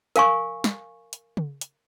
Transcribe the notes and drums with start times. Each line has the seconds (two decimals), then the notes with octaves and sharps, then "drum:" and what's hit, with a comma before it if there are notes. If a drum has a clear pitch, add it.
0.16 A#4 F5 G#5 C#6, drum: hi-hat
0.64 drum: snare
1.13 drum: hi-hat
1.37 drum: tom C#3
1.61 drum: hi-hat